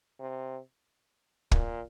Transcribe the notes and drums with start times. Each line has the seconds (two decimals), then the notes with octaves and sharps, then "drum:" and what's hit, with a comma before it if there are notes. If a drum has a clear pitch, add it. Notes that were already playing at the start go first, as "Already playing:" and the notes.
0.19 C3
1.51 A#2, drum: kick